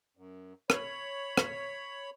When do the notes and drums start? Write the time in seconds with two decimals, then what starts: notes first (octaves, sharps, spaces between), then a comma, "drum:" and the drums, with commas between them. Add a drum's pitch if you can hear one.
0.17 F#2
0.70 C#5 B5, drum: rim click
1.37 drum: rim click